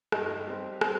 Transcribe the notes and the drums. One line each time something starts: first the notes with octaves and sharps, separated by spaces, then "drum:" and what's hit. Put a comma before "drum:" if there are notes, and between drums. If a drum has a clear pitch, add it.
G2 G3 D#4 G4 D#5, drum: rim click
G3 C4 G4 C5
G3 C4, drum: rim click